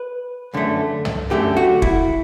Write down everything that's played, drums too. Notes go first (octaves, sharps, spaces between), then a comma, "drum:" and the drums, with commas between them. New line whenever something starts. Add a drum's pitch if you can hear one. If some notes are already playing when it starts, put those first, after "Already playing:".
Already playing: B4
F#2 D3 A3
drum: tom
F#2 D3 A3 G4
F#4
E4, drum: kick